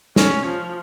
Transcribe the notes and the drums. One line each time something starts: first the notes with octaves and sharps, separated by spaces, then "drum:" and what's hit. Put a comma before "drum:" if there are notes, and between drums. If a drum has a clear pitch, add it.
C#4, drum: snare
F3